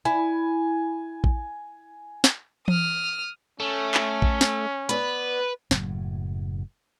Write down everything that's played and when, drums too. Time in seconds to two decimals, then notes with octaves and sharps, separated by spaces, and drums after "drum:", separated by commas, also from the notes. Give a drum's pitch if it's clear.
0.05 E4 G#5
1.24 drum: kick
2.24 drum: snare
2.68 D#6 F6, drum: tom E3
3.60 A3 C#4
3.94 drum: clap
4.22 drum: kick
4.41 drum: snare
4.89 B3 B4 D5, drum: hi-hat
5.71 F#1 A2 F#3, drum: snare